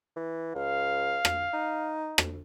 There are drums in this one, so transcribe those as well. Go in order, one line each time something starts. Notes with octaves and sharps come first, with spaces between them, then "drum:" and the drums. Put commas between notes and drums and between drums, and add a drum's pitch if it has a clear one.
E3
C#2 F5
drum: rim click
D#4
drum: rim click